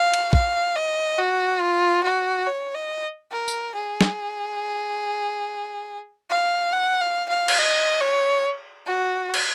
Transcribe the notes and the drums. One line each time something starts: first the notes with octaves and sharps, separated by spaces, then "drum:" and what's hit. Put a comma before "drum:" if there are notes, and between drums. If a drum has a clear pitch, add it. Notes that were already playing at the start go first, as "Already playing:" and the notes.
Already playing: F5
drum: cymbal
F5, drum: kick
D#5
F#4
F4
F#4
C#5
D#5
A#4
drum: tambourine
G#4
drum: snare
F5
F#5
F5
F5
drum: cymbal
D#5
C#5
F#4
drum: cymbal